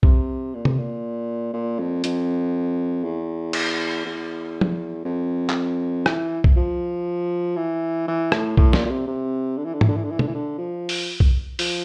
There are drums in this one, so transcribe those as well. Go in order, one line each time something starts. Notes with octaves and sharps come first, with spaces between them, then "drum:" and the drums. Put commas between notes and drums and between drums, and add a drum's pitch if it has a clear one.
C3, drum: kick B1
A#2
C3, drum: tom C3
A#2
A#2
F2
F2, drum: hi-hat
E2
drum: cymbal
E2
drum: tom F3
F2
drum: clap
E3, drum: rim click
drum: kick B1
F3
E3
E3
A2, drum: rim click
A2, drum: kick B1
A#2, drum: snare
A#2
C3
C3
D3
E3
D3
E3, drum: tom
D3
E3
D3
E3
D3, drum: tom
E3
D3
F3
drum: open hi-hat
drum: kick B1
F3, drum: open hi-hat